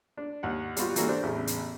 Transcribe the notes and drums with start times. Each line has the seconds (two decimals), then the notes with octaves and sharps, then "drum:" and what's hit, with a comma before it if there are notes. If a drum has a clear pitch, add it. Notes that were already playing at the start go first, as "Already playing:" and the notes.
0.17 D4
0.43 D#2 F#5
0.76 G3 B3 F4 F#4, drum: hi-hat
0.96 E3 G3 A#3 D4 F#4 A4, drum: hi-hat
1.08 D4 C5
1.23 A1 E2 C#3
1.47 drum: hi-hat